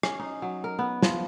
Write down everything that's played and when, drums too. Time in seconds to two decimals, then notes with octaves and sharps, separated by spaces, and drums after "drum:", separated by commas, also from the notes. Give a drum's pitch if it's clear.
0.03 C#4, drum: rim click
0.19 D#4
0.42 F#3
0.64 A#4
0.79 B3
1.02 F3, drum: snare